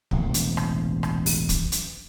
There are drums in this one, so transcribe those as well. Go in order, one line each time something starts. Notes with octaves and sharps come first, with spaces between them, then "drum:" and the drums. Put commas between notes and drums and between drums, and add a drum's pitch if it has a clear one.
E1 A1 C3, drum: kick
drum: hi-hat
drum: rim click
drum: rim click
drum: open hi-hat
drum: kick, hi-hat
drum: hi-hat